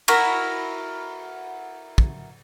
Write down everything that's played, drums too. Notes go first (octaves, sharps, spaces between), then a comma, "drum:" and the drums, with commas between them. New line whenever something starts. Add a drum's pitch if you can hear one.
E4 F#4 A#4, drum: cymbal
drum: kick